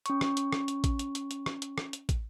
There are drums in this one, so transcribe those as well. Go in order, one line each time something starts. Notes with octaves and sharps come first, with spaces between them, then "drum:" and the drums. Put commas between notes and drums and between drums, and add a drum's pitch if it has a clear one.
C#4 C#6, drum: hi-hat
drum: rim click
drum: hi-hat
drum: rim click
drum: hi-hat
drum: kick, hi-hat
drum: hi-hat
drum: hi-hat
drum: hi-hat
drum: rim click
drum: hi-hat
drum: rim click
drum: hi-hat
drum: kick, hi-hat